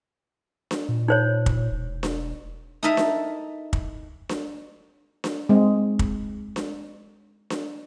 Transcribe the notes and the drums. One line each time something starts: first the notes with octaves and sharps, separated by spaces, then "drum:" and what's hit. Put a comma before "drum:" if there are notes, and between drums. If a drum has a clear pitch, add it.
drum: snare D4
A#2
D#4 C5 C#5
drum: kick
E1
drum: snare D4
D#4 E4 A4 A#4 D#5 E5
drum: snare D4
drum: kick
drum: snare D4
drum: snare D4
G#3 C4
drum: kick
drum: snare D4
drum: snare D4